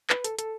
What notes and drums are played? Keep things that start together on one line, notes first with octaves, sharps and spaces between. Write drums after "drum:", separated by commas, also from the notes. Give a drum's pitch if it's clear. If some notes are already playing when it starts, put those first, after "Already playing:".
B4, drum: clap
A4, drum: hi-hat
A4, drum: hi-hat